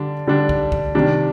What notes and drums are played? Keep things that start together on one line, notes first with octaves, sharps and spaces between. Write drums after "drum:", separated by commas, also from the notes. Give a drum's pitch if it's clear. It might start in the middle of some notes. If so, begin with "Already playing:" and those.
Already playing: D3 G3 D4
D3 G3 D4
drum: kick
drum: kick
C3 D#3 G3 D4